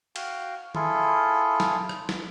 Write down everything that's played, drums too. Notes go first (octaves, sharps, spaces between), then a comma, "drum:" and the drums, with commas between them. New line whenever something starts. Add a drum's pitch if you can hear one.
F#4 F5 G5, drum: cymbal
E4 F4 G#4 A4, drum: tom D#3
drum: snare
drum: rim click
drum: snare